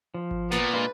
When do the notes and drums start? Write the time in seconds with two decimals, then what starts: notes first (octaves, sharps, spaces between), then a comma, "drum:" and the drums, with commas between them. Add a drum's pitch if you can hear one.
0.14 F3
0.31 drum: kick G#1
0.51 A#2 B3, drum: snare
0.74 G#3 D4 F4 B4